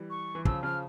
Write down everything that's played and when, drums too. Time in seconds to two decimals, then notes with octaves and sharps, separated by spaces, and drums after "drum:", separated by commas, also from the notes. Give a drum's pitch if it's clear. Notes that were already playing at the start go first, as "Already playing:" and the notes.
Already playing: E3 G3
0.10 C#6
0.35 E3
0.45 C#3 F3 E6, drum: kick
0.63 C#3 F3 F6